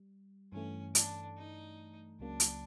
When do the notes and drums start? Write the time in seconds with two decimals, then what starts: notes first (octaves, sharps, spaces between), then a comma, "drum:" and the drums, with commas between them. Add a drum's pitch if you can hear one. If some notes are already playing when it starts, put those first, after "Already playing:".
Already playing: G3
0.52 G2 E3 A3 C#4
0.95 D4, drum: hi-hat
1.37 D#4
2.20 C#2 C#3 F#3 A#3 D4
2.40 drum: hi-hat